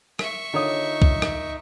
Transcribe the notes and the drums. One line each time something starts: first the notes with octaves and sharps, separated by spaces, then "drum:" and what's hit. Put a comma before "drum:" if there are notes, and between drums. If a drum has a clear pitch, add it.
E5 C#6, drum: rim click
D3 D#4 F4 A#4 C#5 D#6
drum: kick B1
drum: rim click